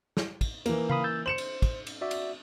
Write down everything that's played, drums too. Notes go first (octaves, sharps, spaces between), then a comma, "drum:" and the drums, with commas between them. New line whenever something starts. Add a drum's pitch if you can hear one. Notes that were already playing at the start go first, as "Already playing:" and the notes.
drum: snare
drum: kick, cymbal
E3 A#3, drum: cymbal
F5 B5 D#6, drum: tom C#3
E6 G6 A6
C5 C#7 E7 F#7
drum: cymbal
drum: kick, cymbal
drum: cymbal
F#4 D5 E5
drum: cymbal